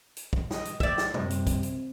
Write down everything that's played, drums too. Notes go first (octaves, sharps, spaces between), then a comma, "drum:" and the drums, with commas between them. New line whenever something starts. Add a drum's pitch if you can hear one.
drum: hi-hat
drum: kick
D#5, drum: snare
drum: hi-hat
D5 E5 G5, drum: kick
drum: snare
F#2 C3 G3 C4, drum: tom
drum: hi-hat
drum: kick, hi-hat
drum: hi-hat